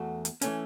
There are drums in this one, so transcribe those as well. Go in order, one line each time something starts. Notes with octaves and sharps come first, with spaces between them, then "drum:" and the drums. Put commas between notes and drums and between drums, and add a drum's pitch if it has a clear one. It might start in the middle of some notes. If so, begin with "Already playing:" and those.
Already playing: E2 A3 F#4 A4
drum: hi-hat
E3 A3 C#4, drum: hi-hat